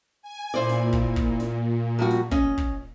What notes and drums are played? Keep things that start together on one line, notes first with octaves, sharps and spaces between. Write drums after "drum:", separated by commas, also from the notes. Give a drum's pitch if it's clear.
G#5
A#2 E4 C5 D5
drum: snare
drum: kick
drum: kick
drum: snare
F3 G3 F#4
drum: snare
C#4 D#5, drum: kick
drum: kick